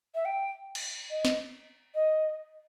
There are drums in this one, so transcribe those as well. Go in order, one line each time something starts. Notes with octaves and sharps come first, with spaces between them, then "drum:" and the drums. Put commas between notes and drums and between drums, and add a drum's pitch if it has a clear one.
E5
G5
drum: cymbal
D#5
drum: snare
D#5